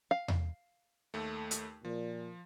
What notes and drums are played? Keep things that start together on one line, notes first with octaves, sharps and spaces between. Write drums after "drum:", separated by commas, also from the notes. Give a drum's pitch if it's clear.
F5
drum: tom E2
D#2 A3
drum: hi-hat
A#2 F3